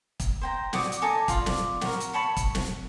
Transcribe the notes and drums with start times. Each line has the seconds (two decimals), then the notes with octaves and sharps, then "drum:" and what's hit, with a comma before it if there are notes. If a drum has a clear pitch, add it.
0.20 drum: kick, hi-hat
0.41 C5 G5 A#5
0.73 F#4 D5 D6 D#6, drum: snare
0.92 drum: hi-hat
1.02 D#4 A4 G#5 D6
1.28 F4 D5, drum: kick, hi-hat
1.46 drum: snare
1.81 F#4 A#4, drum: snare
2.00 drum: hi-hat
2.13 C#5 A5 B5 C#6
2.37 drum: kick, hi-hat
2.55 drum: snare